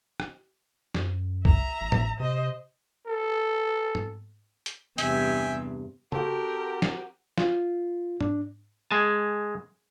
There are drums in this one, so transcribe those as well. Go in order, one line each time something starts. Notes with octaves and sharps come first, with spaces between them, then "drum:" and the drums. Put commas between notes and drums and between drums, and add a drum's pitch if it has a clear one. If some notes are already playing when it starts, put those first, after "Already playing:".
drum: rim click
F#2, drum: snare
E5 A#5, drum: kick C2
A1
drum: tom A2
C3 C5 D#5
A4
drum: tom G#2
drum: hi-hat
E2 G2 C3 E5 G5 G#5, drum: hi-hat
C4 F#4 G4 A4 A#4 A5, drum: tom
drum: snare
F4, drum: snare
D4, drum: tom G#2
G#3 G#5 A5